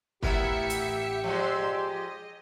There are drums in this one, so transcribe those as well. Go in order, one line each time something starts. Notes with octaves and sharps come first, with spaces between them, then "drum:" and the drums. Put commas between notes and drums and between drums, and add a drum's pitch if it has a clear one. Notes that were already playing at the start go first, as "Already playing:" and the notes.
A1 B3 E4 G4 A#4 E5 C#7, drum: kick
drum: hi-hat
F3 G#3 D5 C6 E6
D#5